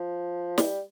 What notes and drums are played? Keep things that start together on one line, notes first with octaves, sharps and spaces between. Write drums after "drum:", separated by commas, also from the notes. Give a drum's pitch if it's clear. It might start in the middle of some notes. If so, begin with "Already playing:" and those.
Already playing: F3
G3, drum: snare